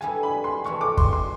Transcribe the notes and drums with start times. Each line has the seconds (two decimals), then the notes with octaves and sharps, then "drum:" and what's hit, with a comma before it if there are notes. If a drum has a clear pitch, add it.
0.01 D3 G3 B3 E4 G#5
0.23 B5
0.44 C6
0.64 C3 E3 A3 C#6
0.81 D6
0.97 C6, drum: kick
1.13 C6